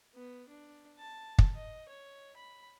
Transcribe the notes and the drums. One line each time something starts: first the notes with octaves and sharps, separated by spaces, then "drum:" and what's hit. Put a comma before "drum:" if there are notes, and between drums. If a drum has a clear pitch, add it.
B3
D4
A5
drum: kick
D#5
C#5
B5